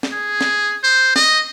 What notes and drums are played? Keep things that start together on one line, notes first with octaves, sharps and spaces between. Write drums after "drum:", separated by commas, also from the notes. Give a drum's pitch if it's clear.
drum: snare
G#4
drum: snare
C5
D#5, drum: snare